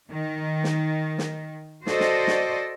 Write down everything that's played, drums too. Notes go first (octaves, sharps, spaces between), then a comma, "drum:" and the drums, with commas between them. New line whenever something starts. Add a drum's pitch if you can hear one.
D#3
drum: snare
drum: snare
F#4 A4 C5 D5 D#5, drum: snare
drum: snare
drum: snare